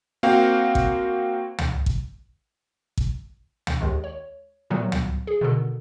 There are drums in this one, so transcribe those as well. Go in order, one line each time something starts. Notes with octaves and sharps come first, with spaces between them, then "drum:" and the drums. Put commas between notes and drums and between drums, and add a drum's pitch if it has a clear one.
A#3 C4 F#4 F5 G5
drum: kick A1
drum: tom
drum: kick A1
drum: kick A1
drum: tom
D#2 D#3 G#3
C#5
A#2 D#3 F#3 G3 A3 B3
drum: tom
G#4
B2 D3 D#3 A4